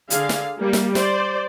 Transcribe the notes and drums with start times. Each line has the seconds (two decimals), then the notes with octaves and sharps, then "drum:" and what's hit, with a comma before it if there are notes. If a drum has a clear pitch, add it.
0.10 D3 G#4 F5, drum: hi-hat
0.29 drum: snare
0.58 G3 A#3
0.73 drum: snare
0.95 C5 D5, drum: snare